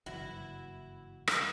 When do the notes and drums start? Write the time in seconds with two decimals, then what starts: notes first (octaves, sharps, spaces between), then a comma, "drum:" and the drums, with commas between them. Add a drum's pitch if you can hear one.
0.06 F#1 G2 E3 E4 F#4
1.27 drum: rim click